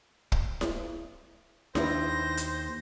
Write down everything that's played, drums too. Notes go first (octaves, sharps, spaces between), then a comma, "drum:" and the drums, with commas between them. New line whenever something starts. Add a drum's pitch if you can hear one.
drum: kick
drum: snare E4
D#2 D4 E4 B4 C5 A#6, drum: snare E4
drum: hi-hat